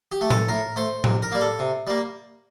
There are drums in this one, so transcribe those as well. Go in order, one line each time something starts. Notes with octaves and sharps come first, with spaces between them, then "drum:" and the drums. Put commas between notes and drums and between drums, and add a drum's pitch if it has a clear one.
G4
A3
A4, drum: tom A2
A2 A#4
A3 C5
C3, drum: tom A2
A#4
G3 A#3
A4
C3
G3 A#3